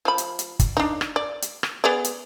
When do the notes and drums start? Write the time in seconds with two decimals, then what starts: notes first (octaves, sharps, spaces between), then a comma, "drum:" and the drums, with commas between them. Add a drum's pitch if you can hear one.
0.05 F3 B5
0.18 drum: hi-hat
0.39 drum: hi-hat
0.59 drum: kick, hi-hat
0.77 D4 D#4
1.01 drum: rim click
1.16 D5
1.42 drum: hi-hat
1.63 drum: rim click
1.84 B3 G#4 D5
2.04 drum: hi-hat